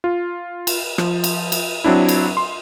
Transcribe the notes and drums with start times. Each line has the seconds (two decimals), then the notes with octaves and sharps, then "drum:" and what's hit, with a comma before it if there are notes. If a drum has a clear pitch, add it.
0.04 F4
0.67 drum: cymbal
0.98 F3, drum: rim click
1.24 drum: cymbal
1.52 drum: cymbal
1.84 F#3 C4 D4 E4
2.09 drum: cymbal
2.37 C6